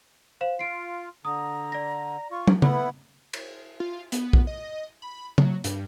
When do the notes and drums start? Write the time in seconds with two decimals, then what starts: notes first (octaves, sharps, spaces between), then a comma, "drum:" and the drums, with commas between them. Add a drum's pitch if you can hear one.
0.41 C5 F5 E7
0.59 F4 C7 D7
1.25 D3 A#5 D#6
1.72 D5 A#6
2.31 F4 C#6
2.48 drum: tom
2.62 B3 E4 A4 B4 F#5 B5, drum: tom
3.33 drum: cymbal
3.80 F4
4.12 B3, drum: hi-hat
4.33 drum: kick
4.47 D#5
5.02 B5
5.38 F#3, drum: tom
5.64 G2, drum: hi-hat